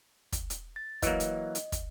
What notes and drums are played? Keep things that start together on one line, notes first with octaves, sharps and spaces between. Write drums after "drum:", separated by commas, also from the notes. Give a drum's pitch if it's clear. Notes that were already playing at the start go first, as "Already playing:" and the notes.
drum: kick, hi-hat
drum: hi-hat
A6
E3 F#3 A#3 D#5, drum: kick, hi-hat
drum: hi-hat
drum: hi-hat
drum: kick, hi-hat